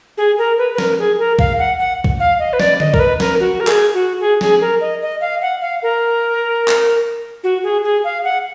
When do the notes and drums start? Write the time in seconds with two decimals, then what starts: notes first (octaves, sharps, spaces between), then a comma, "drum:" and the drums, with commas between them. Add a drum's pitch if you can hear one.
0.18 G#4
0.38 A#4
0.58 B4
0.74 B4
0.78 A#4, drum: snare
0.98 G#4
1.19 A#4
1.39 F5, drum: kick B1
1.59 F#5
1.79 F#5
2.04 drum: kick B1
2.20 F5
2.39 D#5
2.53 B4
2.60 D5, drum: snare
2.80 D#5, drum: tom D3
2.94 A#4, drum: kick B1
2.99 B4
3.20 A#4, drum: snare
3.40 F#4
3.60 A#4
3.67 G#4, drum: clap
3.94 F#4
4.20 G#4
4.41 G#4, drum: snare
4.61 A#4
4.81 D#5
5.02 D#5
5.21 F5
5.42 F#5
5.61 F5
5.82 A#4
6.68 drum: clap
7.44 F#4
7.64 G#4
7.84 G#4
8.04 F5
8.24 F#5